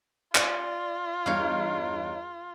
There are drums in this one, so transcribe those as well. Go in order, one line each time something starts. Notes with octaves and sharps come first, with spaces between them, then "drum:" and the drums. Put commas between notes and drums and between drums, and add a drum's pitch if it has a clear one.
F4 D5, drum: clap
E2 G2 D#4 C#5 F5